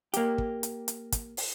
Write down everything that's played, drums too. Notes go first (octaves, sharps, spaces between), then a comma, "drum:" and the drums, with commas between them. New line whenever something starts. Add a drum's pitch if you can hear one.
A#3 G4, drum: hi-hat
drum: kick
drum: hi-hat
drum: hi-hat
drum: kick, hi-hat
drum: open hi-hat